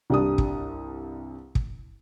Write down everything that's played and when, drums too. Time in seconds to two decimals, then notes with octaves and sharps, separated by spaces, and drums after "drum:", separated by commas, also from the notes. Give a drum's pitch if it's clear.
0.10 C2 G2 G3 D4 D#6
0.38 drum: kick
1.55 drum: kick